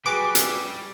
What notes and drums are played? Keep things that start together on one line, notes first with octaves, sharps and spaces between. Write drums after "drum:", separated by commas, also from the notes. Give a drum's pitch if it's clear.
G3 F#4 G#4 B4 D6
drum: hi-hat